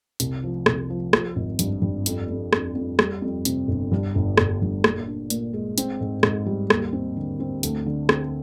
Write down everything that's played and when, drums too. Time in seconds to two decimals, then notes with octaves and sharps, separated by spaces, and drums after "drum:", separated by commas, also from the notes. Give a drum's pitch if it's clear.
0.20 C2, drum: hi-hat
0.44 F3
0.66 C2, drum: rim click
0.90 F3
1.13 F3, drum: rim click
1.36 G#1
1.59 G2, drum: hi-hat
1.82 G2
2.06 F2, drum: hi-hat
2.28 F2
2.53 F2, drum: rim click
2.75 F2
2.99 G3, drum: rim click
3.22 F2
3.45 C3, drum: hi-hat
3.68 G1
3.91 G2
4.15 G1
4.38 G1, drum: rim click
4.62 G2
4.84 A#2, drum: rim click
5.07 D4
5.30 A#2, drum: hi-hat
5.53 G#3
5.78 C4, drum: hi-hat
6.00 G#2
6.23 G#2, drum: rim click
6.46 G3
6.70 D#2, drum: rim click
6.93 C4
7.16 D3
7.40 C4
7.63 D2, drum: hi-hat
7.86 D3
8.09 C4, drum: rim click